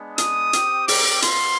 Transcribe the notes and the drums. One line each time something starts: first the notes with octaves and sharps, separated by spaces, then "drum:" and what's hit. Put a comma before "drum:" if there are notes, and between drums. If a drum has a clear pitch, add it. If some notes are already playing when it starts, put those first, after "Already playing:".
Already playing: G#3 B3 D4
D#6, drum: hi-hat
C4 G4, drum: hi-hat
D6, drum: open hi-hat
B3 F4 C6, drum: hi-hat